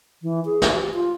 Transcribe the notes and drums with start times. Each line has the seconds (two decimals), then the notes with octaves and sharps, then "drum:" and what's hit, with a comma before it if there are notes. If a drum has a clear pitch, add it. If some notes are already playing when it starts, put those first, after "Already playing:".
0.22 E3
0.45 G#4
0.62 drum: snare
0.72 G4
0.94 F4